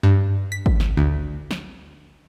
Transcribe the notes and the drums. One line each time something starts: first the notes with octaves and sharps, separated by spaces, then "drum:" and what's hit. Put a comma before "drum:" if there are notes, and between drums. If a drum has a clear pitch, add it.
G2
B6
drum: kick
drum: snare
D2
drum: snare